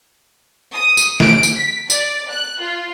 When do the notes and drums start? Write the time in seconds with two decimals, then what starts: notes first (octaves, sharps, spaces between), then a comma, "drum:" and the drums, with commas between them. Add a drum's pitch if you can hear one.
0.74 D#6
0.97 drum: tambourine
1.20 D7, drum: snare
1.43 drum: tambourine
1.57 B6
1.90 D5, drum: tambourine
2.31 F#6
2.62 F4